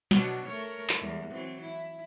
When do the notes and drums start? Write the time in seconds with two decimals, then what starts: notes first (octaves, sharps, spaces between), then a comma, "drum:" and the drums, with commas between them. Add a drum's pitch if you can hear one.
0.11 B2 F#3 D4, drum: snare
0.48 A3 A#4 C#5
0.89 drum: clap
1.00 E2 G3 G#3
1.31 E3 F#3 C4
1.62 E4